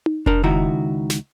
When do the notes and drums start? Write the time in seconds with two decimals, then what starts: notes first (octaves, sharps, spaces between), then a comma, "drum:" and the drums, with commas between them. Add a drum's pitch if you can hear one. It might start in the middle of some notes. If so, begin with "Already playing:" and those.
0.06 drum: tom D#4
0.26 D4 A#4, drum: kick F1
0.43 C#2 D#3 E4 F#4 A#5
1.10 drum: snare